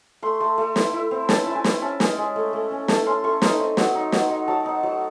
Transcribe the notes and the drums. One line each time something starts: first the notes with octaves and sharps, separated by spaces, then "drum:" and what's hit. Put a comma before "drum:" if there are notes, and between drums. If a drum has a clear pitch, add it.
A3 C6
A3
A3
E4, drum: snare
E4
C4
C#4 A5, drum: snare
E4
G#5
E4, drum: snare
C#4 A5
G#3, drum: snare
G#3
A3
A3
C#4
A3 A5, drum: snare
C#4 C6
A3 C#6
D#4 C6, drum: snare
C4
F#3, drum: snare
D#4
F#3, drum: snare
D#4
F#3 A5
D#4
F#3